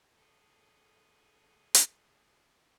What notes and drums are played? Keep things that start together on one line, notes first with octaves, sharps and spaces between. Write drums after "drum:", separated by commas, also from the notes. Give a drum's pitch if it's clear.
G#4 A4
drum: hi-hat